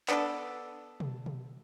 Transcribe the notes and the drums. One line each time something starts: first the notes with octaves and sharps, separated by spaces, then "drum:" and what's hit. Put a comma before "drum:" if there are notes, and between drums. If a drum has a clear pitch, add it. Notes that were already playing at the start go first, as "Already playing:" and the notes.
B3 D4 A4, drum: clap
drum: tom B2
drum: tom B2